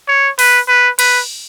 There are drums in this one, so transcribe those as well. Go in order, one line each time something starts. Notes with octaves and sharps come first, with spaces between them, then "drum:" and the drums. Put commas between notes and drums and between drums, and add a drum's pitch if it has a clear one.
C#5
B4, drum: open hi-hat
B4
B4, drum: cymbal